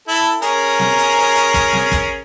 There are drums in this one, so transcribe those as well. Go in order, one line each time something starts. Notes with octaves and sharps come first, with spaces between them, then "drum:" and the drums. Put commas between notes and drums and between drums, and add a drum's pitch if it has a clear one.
E4 A4
C#4 G#4 A#4, drum: hi-hat
drum: snare
drum: hi-hat
drum: open hi-hat
drum: hi-hat
drum: kick, hi-hat
drum: snare
drum: kick, hi-hat